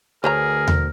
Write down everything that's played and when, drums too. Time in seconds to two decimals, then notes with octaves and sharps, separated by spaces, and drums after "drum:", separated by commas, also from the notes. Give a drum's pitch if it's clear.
0.24 D2 G#4 A#4 B4 C#5 A#5
0.68 drum: tom D#2